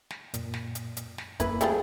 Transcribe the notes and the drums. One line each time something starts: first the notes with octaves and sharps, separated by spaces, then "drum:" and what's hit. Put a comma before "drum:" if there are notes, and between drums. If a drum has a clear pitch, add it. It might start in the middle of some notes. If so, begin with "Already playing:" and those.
drum: snare
F#2 A#2, drum: hi-hat
drum: snare
drum: hi-hat
drum: hi-hat
drum: snare
F#2 A#3 E4 B4 B5, drum: kick, hi-hat
F3 G3 A3 G#4 G5, drum: hi-hat